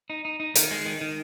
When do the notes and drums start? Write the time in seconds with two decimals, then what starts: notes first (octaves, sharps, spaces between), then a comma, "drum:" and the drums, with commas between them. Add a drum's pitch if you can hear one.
0.10 D#4
0.25 D#4
0.40 D#4
0.55 D#3, drum: hi-hat
0.71 G#3
0.86 D#3
1.01 D#3